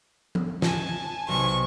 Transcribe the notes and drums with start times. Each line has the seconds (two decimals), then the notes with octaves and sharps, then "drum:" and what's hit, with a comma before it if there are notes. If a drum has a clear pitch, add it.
0.35 drum: tom F3
0.62 G#5 A5, drum: snare
1.28 B1 C3 C#6